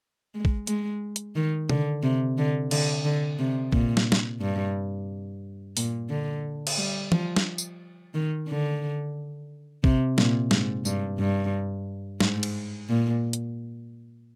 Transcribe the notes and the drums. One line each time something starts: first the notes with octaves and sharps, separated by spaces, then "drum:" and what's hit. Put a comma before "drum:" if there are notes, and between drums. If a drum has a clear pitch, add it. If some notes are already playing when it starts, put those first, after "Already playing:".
G#3
drum: kick A#1
G#3, drum: hi-hat
drum: hi-hat
D#3
D3, drum: tom C3
C3
D3
D3, drum: cymbal
D3
C3
A#2, drum: kick A#1
drum: snare
drum: snare
G2
A#2, drum: open hi-hat
D3
drum: cymbal
G3
F3, drum: tom
drum: snare
drum: tambourine
D#3
D3
C3, drum: kick A#1
A#2, drum: snare
G#2, drum: snare
G2, drum: tambourine
G2
G#2, drum: snare
drum: cymbal
A#2
drum: hi-hat